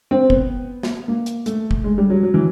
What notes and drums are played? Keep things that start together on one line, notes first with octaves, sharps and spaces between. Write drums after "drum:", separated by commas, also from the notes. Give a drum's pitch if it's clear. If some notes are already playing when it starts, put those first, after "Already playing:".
C4
B3, drum: kick
drum: snare
A#3
drum: hi-hat
A3, drum: hi-hat
drum: kick
G#3
G3
F#3
F#3
E3